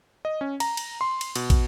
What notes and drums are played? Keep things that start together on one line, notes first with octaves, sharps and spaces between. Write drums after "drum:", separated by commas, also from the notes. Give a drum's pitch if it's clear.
D#5
C#4
A#5, drum: cymbal
drum: cymbal
C6
drum: cymbal
B2, drum: cymbal
drum: kick, cymbal